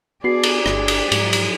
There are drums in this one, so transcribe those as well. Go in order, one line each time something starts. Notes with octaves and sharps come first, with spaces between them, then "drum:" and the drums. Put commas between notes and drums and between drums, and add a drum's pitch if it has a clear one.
B3 D4 F#4 G#4 D5 C7
drum: cymbal
G1, drum: rim click
drum: cymbal
G#2 F3 F#3, drum: cymbal
drum: cymbal